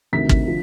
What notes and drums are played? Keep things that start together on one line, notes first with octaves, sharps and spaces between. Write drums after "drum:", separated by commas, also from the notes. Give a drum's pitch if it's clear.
D2 C3 D#3 B6
drum: kick
D3 F3